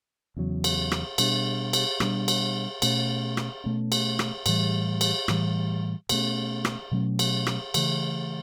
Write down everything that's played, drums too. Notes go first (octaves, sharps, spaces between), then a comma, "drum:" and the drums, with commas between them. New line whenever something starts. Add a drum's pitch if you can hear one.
E2 C#3 F#3
drum: cymbal
drum: rim click
B2 G3 D4, drum: cymbal
drum: cymbal
B2 G3 D4, drum: rim click
drum: cymbal
B2 A3 C#4, drum: cymbal
drum: rim click
B2 A3 C#4
drum: cymbal
drum: rim click
A2 E3 G3, drum: cymbal
drum: cymbal
A2 E3 G3, drum: rim click
B2 F#3 A3 C#4, drum: cymbal
drum: rim click
B2 F#3 A3 C#4
drum: cymbal
drum: rim click
C#3 E3 A3, drum: cymbal